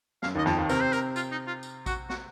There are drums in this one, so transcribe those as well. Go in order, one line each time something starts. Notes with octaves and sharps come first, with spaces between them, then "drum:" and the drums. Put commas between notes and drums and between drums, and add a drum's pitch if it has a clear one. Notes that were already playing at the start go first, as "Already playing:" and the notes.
F#2 F5, drum: snare
D#2 D#3 D#5
F2 F3, drum: snare
D#2 D#3
C3 C4 A#4, drum: tambourine
C5
A#4, drum: tambourine
F4, drum: tambourine
D#4
F4
drum: tambourine
F#4, drum: kick, tambourine
F#4, drum: snare